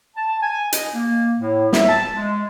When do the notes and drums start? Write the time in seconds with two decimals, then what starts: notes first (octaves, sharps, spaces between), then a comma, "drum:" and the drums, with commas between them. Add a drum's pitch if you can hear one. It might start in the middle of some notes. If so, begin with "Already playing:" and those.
0.16 A5
0.43 G#5
0.73 D#5, drum: hi-hat
0.95 A#3
1.40 A2
1.73 E5, drum: snare
1.88 A5
2.16 G#3